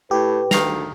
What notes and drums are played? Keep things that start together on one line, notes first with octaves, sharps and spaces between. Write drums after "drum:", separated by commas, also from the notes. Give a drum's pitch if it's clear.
A2 G4 B4
D2 D#3 F5 A#5, drum: snare